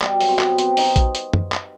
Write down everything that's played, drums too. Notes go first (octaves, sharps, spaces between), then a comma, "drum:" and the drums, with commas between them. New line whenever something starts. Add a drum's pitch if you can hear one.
B2 G3, drum: clap
F#3, drum: open hi-hat
C4
B2 B3, drum: clap
F#3 C4, drum: hi-hat
B2 D#4, drum: open hi-hat
drum: kick A#1, hi-hat
drum: hi-hat
drum: tom
drum: clap